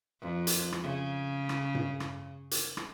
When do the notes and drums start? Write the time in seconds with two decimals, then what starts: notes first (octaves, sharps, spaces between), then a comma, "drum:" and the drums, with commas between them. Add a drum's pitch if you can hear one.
0.21 F2
0.47 drum: hi-hat
0.72 drum: rim click
0.83 C#3
1.49 drum: rim click
1.75 drum: tom G2
2.00 drum: rim click
2.51 drum: hi-hat
2.77 drum: rim click